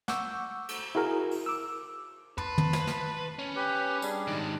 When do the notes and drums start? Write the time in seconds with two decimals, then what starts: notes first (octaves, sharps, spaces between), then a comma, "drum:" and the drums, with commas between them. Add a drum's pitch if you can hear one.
0.08 F#5 C#6 D6 E6 G6, drum: snare
0.68 drum: cymbal
0.95 E4 F#4 G#4 A#4
1.31 drum: open hi-hat
1.46 D6 E6
2.38 B4 A5 C6, drum: tom
2.58 drum: tom
2.73 drum: snare
2.87 drum: snare
3.39 C#4
3.56 G4 B4
4.02 G3 D4 G#4, drum: tambourine
4.28 G#2 D#3